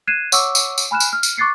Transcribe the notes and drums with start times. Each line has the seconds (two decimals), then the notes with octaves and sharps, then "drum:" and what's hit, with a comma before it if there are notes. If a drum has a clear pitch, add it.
0.07 F#6 G#6 C7 D#7 E7
0.32 C#5 F#5 C#6 D6 E6, drum: tambourine
0.55 drum: tambourine
0.78 drum: tambourine
0.91 G#5 B5 F6 F#6 E7
1.00 drum: tambourine
1.13 F6
1.23 drum: tambourine
1.38 C#6 D6 F#6 A6 C7 C#7